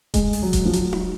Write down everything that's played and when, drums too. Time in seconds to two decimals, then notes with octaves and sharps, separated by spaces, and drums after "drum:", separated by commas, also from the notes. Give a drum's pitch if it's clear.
0.14 G#3, drum: kick D#1, hi-hat
0.33 drum: open hi-hat
0.42 F#3
0.53 drum: kick D#1, hi-hat
0.65 F3
0.73 F#3, drum: hi-hat
0.93 drum: tom D#4